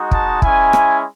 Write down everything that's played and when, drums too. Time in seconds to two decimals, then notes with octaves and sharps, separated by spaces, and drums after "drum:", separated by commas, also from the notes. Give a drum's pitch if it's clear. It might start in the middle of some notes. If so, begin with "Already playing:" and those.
Already playing: G#3 D#4 F#4
0.11 A5, drum: kick
0.42 G#3 C#4 E4 G#5, drum: kick
0.73 drum: rim click